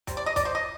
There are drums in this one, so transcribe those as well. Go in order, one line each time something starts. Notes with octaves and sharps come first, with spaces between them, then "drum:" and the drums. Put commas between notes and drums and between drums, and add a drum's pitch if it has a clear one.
C3 G3, drum: kick, hi-hat
D5
D#5
D5, drum: kick, hi-hat
C5
D#5